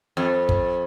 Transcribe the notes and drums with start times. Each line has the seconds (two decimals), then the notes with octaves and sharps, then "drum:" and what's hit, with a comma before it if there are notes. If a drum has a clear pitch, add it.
0.17 F2
0.49 drum: kick